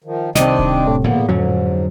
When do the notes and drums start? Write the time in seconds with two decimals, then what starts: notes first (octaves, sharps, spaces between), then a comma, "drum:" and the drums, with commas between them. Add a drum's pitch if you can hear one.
0.04 D#3 F3
0.35 C2 C3 D#3 C4 D4 D5 D#5, drum: snare
0.59 drum: kick D1
0.87 A2
1.04 E2 A#2 D3 F3 A#3 B3
1.29 F2 G#2 D3 F#3 C#4